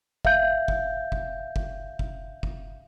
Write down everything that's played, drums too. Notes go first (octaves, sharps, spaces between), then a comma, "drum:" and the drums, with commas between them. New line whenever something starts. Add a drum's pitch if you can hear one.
E5 F5 G6, drum: kick
drum: kick
drum: kick
drum: kick
drum: kick
drum: kick